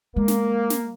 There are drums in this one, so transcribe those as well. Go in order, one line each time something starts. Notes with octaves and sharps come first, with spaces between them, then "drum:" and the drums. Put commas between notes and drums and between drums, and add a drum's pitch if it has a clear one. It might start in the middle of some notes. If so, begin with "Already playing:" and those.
G#3 A#3
drum: snare
drum: snare